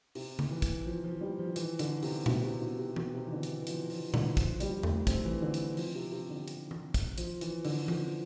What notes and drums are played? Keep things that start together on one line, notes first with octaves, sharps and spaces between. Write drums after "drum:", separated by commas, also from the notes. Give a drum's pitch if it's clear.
C3, drum: open hi-hat
drum: tom C#3
E3
drum: kick, hi-hat
F3
F3
G3
F3
E3, drum: hi-hat
D3, drum: hi-hat
C3, drum: open hi-hat
B2, drum: tom A#2
C3
B2
C3
B2, drum: tom E3
C3
E3
D3
drum: hi-hat
E3
F3, drum: hi-hat
F3, drum: open hi-hat
D3, drum: tom A#2
F3, drum: kick, hi-hat
G3, drum: hi-hat
A3, drum: tom E2
C4, drum: kick, hi-hat
E3
D3
drum: hi-hat
F3, drum: open hi-hat
C3
C3
D3
drum: hi-hat
drum: tom E3
drum: kick, hi-hat
F3, drum: hi-hat
E3, drum: hi-hat
D3, drum: open hi-hat
F3, drum: tom E3